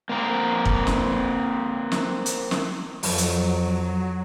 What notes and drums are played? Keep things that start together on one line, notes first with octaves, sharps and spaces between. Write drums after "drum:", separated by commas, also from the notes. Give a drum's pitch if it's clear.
A#3 C4 A#4
drum: kick
drum: snare
drum: snare
drum: hi-hat
drum: snare
F2 F#3, drum: open hi-hat
drum: hi-hat